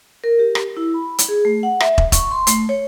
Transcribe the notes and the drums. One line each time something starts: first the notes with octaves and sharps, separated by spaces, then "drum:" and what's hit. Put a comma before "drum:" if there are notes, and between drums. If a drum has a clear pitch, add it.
A#4
G4
drum: rim click
E4
B5
drum: hi-hat
G#4
A3
F#5
E5, drum: rim click
drum: kick
C#6, drum: kick, hi-hat
C6
A3, drum: hi-hat
C#5